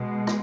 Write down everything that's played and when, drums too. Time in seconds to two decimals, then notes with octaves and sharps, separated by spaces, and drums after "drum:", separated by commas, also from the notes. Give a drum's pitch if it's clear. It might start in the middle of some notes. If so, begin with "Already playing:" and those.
Already playing: B2 G#3
0.27 drum: rim click